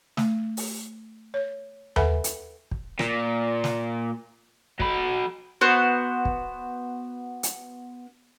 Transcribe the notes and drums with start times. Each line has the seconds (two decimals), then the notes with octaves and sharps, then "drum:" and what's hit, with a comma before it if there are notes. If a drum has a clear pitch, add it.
0.17 A3, drum: snare
0.57 drum: open hi-hat
1.34 C#5
1.96 A4 B4 E5 F#5 G#5 B5, drum: tom D#2
2.24 drum: hi-hat
2.71 drum: kick
2.99 A#2, drum: rim click
3.64 drum: snare
4.80 F#3 B5, drum: kick
5.61 B3 F#4 C5
6.25 drum: kick
7.43 drum: hi-hat